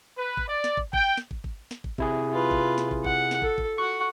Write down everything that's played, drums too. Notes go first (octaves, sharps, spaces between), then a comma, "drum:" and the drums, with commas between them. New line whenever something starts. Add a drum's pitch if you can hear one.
B4
drum: kick
D5
drum: snare
drum: kick
G5, drum: kick
drum: snare
drum: kick
drum: kick
drum: snare
drum: kick
C3 E4 G#4, drum: kick
F4 B4
drum: kick
drum: snare
drum: kick
F#5, drum: kick
drum: snare
A4, drum: kick
drum: kick
F#4 F#5 C#6